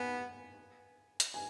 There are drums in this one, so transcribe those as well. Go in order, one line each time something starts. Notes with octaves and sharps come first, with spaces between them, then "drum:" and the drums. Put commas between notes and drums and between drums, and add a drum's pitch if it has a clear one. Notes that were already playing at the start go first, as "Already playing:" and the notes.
Already playing: B3 G#5
drum: hi-hat
G#5